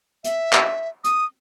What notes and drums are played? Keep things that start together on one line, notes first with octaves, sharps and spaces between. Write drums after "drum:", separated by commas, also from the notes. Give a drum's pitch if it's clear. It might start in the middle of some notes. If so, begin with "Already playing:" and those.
E5, drum: hi-hat
drum: clap
D#6, drum: hi-hat